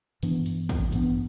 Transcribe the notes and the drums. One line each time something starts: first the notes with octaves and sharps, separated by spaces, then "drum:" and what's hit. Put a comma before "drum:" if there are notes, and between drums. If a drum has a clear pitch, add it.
G2 E3 B3 D4, drum: hi-hat
drum: hi-hat
drum: kick, hi-hat
G2 E3 B3 D4, drum: hi-hat